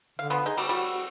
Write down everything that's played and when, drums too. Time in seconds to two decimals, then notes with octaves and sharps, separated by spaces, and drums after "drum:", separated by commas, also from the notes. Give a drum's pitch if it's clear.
0.19 D3 F5
0.30 F3 B3
0.46 D#4 G#4
0.57 G3 F#4, drum: cymbal
0.69 G3 F#4, drum: hi-hat